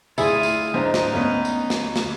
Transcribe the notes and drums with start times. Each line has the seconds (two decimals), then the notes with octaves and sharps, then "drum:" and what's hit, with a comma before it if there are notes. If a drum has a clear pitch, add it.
0.18 D2 E4 F4 G#4 G#5 D#6, drum: tambourine
0.43 drum: tambourine
0.74 G#2 D4 D#4 C5 G5
0.94 drum: snare
1.13 D2 B3 C#4 F5
1.45 drum: tambourine
1.70 drum: snare
1.96 drum: snare